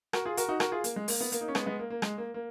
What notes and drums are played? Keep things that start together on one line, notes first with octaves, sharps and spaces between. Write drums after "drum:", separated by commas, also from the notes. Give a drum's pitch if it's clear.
F#4 A#4, drum: rim click
F4 G#4
F#4 A#4, drum: hi-hat
D#4 F#4
F#4 A#4, drum: rim click
F4 G#4
A#3, drum: hi-hat
G#3
A#3, drum: open hi-hat
B3
A#3, drum: hi-hat
D#4
C#4
G#3 B3, drum: rim click
G#3 B3
A#3
A#3
G#3, drum: rim click
A#3
A#3